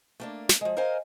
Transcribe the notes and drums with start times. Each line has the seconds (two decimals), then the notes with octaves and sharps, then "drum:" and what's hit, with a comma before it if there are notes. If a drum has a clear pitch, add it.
0.20 A3 A#3 D4
0.49 drum: snare
0.61 F3 G#3
0.77 A#4 C5 D#5 F5 G#5